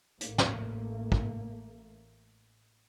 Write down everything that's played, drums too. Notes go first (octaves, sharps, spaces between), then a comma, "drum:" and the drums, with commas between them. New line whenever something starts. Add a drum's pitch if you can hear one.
A1 A2 A3 A#3, drum: hi-hat
drum: snare
drum: kick